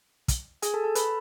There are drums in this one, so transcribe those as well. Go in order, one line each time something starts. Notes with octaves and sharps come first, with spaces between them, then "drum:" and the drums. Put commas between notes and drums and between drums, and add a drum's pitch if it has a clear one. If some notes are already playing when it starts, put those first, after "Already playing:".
drum: kick, hi-hat
G#4 G#5, drum: hi-hat
A4 A5
A4 A5
B4 B5, drum: hi-hat